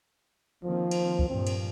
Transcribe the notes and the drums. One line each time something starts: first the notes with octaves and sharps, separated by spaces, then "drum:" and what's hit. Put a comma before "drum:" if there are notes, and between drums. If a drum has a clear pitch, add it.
D#3 F3 A#3 C4
drum: cymbal
drum: kick C#2
G2 A#2 F3 C4
drum: cymbal